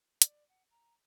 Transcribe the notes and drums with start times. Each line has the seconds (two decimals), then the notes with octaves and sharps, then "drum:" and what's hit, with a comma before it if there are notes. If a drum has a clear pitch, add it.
0.22 D5, drum: hi-hat
0.49 F#5
0.71 A#5